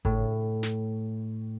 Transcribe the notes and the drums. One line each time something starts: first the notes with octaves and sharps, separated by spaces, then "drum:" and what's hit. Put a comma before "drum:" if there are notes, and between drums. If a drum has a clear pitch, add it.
A2, drum: kick G#1
drum: snare